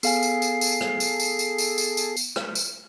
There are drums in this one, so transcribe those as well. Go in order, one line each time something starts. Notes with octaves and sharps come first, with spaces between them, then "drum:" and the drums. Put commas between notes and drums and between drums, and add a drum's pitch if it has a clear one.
B3 G#4 A4 F5 G#5 C7, drum: tambourine
drum: tambourine
drum: tambourine
drum: tambourine
drum: rim click
drum: tambourine
drum: tambourine
drum: tambourine
drum: tambourine
drum: tambourine
drum: tambourine
drum: tambourine
drum: rim click
drum: tambourine